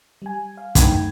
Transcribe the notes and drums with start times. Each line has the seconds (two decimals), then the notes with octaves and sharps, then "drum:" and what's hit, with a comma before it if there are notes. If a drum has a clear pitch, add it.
0.22 G3 G#5
0.57 F5
0.75 F#2 A3 D#4 G5 B5 G#6, drum: kick, hi-hat